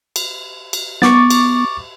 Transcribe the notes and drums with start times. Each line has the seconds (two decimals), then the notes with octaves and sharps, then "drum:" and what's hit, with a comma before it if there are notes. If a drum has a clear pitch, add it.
0.16 drum: cymbal
0.73 drum: cymbal
1.02 B3 C#6 D6 A6, drum: snare
1.30 drum: cymbal